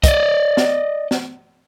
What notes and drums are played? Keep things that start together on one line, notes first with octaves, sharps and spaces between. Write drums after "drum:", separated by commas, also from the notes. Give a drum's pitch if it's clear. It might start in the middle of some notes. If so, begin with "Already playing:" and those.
D5 D#5, drum: kick, hi-hat
drum: snare
drum: snare